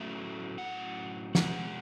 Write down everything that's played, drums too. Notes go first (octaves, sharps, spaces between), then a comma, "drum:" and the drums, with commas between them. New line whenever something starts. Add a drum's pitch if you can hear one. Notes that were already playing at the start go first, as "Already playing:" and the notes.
Already playing: A2 F#3 A3 C#4 E5
F#5
B2 G#3 F#5, drum: snare